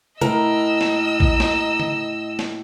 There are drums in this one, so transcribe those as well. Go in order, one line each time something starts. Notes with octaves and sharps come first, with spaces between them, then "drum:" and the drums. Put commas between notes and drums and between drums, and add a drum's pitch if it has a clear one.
A2 A#4 D#5 E6, drum: tom B2
drum: snare
drum: kick
drum: snare
drum: tom D3
drum: snare